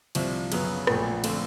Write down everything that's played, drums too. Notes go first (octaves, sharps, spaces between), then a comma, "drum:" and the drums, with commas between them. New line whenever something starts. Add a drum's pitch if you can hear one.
C2 C3 F3, drum: cymbal
F#2 C#3 F#3 B3, drum: cymbal
A#1 A#2 F3 A3, drum: rim click
D3 F3 A3 C4, drum: cymbal